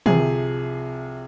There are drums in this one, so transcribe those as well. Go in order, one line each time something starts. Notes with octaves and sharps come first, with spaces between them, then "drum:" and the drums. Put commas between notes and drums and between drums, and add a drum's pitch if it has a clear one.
C2 C3 F3 G#4, drum: tom